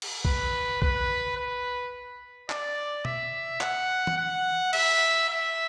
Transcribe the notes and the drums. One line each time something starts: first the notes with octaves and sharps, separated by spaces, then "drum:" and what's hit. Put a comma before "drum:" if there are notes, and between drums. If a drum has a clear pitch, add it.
drum: cymbal
B4, drum: kick B1
B4, drum: kick B1
B4
D5, drum: clap
E5, drum: tom B2
F#5, drum: clap
drum: tom E3
F#5
E5, drum: cymbal
E5